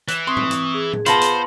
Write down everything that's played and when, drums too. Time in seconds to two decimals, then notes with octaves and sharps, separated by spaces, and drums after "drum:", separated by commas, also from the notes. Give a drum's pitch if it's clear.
0.08 E3 F#6, drum: hi-hat
0.27 C4 C6 C#6 D#6
0.37 drum: tom G#2
0.51 drum: hi-hat
0.74 G#4
0.93 drum: tom A2
1.06 B3 F4 C5 A5 A#6 F#7, drum: hi-hat
1.22 drum: hi-hat